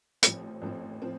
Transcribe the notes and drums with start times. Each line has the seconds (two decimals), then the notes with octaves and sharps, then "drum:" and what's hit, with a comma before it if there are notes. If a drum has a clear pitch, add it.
0.23 A1 A2 F3 C4, drum: hi-hat
0.62 A1 A2 F3 C4
1.02 F3 C4